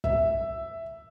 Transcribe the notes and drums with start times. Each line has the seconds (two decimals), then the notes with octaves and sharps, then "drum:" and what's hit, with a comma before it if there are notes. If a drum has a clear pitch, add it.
0.04 E5, drum: kick